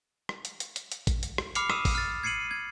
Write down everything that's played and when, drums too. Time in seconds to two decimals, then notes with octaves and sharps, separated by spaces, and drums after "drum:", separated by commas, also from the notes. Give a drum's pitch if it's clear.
0.29 drum: rim click
0.45 drum: hi-hat
0.60 drum: hi-hat
0.76 drum: hi-hat
0.92 drum: hi-hat
1.07 drum: kick A1, hi-hat
1.23 drum: hi-hat
1.38 drum: rim click
1.55 B5 D6 F6 C7 C#7 F7, drum: hi-hat
1.70 D#6 E6 D#7 E7, drum: rim click
1.85 drum: kick A1, open hi-hat
1.95 F6 A6
2.23 G#6 C7 C#7 D#7 F#7
2.51 G#6